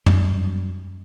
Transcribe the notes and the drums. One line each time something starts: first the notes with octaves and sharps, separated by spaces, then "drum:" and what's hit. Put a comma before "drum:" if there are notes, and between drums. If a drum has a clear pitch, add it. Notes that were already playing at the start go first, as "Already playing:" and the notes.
F#2 G3, drum: tom